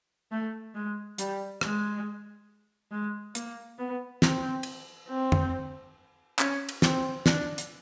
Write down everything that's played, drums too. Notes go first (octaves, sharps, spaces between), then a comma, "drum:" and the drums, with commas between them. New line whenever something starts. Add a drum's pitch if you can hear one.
A3
G#3
G3, drum: hi-hat
G#3, drum: rim click
G#3
A#3, drum: hi-hat
B3
C4, drum: snare
drum: cymbal
C4
drum: tom
C#4, drum: clap
drum: cymbal
C4, drum: snare
D4, drum: snare
drum: hi-hat